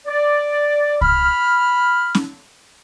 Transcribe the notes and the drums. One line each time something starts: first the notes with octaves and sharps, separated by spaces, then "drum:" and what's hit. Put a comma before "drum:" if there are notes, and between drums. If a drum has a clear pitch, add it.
D5
B5 F6, drum: kick C2
drum: snare C#4